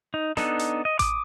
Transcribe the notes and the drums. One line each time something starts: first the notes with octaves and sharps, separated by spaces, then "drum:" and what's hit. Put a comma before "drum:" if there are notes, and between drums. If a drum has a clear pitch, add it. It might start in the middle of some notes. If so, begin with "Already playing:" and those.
D#4
B3 D4 D#4 A4, drum: snare
drum: hi-hat
D#5
D6 D#6, drum: kick A1, hi-hat